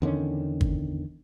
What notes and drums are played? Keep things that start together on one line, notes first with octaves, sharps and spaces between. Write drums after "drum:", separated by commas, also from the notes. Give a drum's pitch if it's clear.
E2 D3 D#3 C#4
drum: kick G1